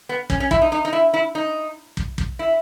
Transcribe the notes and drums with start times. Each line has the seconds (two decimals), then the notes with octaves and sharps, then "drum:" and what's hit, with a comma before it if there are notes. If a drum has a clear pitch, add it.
0.09 B3
0.30 C#4, drum: kick
0.40 C#4
0.51 E4, drum: kick
0.62 D#4
0.72 D#4
0.85 D#4
0.93 E4
1.14 E4
1.35 D#4
1.97 drum: kick
2.18 drum: kick
2.39 E4